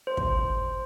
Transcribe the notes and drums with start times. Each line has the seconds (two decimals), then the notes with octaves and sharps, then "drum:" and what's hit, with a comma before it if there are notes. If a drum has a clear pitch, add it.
0.07 C5
0.17 drum: kick